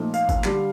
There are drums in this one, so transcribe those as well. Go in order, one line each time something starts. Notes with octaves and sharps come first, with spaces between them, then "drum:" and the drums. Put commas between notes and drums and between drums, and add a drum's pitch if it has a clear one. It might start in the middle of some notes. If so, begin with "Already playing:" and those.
Already playing: A#2 F3 A3 D#4
F5, drum: tambourine
drum: kick G#1, tambourine
D3 G3 D4, drum: clap